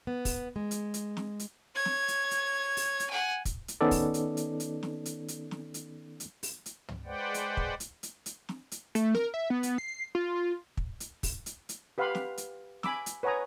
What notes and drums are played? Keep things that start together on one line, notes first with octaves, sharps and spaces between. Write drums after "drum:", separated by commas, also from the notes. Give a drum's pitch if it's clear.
B3
drum: kick, open hi-hat
G#3
drum: hi-hat
drum: hi-hat
drum: snare
drum: hi-hat
C#5 G#6
drum: snare
drum: hi-hat
drum: hi-hat
drum: open hi-hat
drum: hi-hat
F#5 G#5
drum: kick, hi-hat
drum: hi-hat
D#3 B3 C#4 D#4 A4 D5
drum: kick, open hi-hat
drum: hi-hat
drum: hi-hat
drum: hi-hat
drum: snare
drum: hi-hat
drum: hi-hat
drum: snare
drum: hi-hat
drum: hi-hat
drum: open hi-hat
drum: hi-hat
drum: tom
G#3 B4 C5 D5 F#5 G5
drum: hi-hat
drum: kick
drum: hi-hat
drum: hi-hat
drum: hi-hat
drum: snare
drum: hi-hat
A3, drum: hi-hat
A#4, drum: snare
E5
B3
drum: hi-hat
C7
F4
drum: kick
drum: hi-hat
drum: kick, open hi-hat
drum: hi-hat
drum: hi-hat
G4 B4 F5 F#5 B5 C6
drum: snare
drum: hi-hat
G#5 B5 D6 E6, drum: snare
drum: hi-hat
B4 C#5 F#5 G#5 A#5 D#6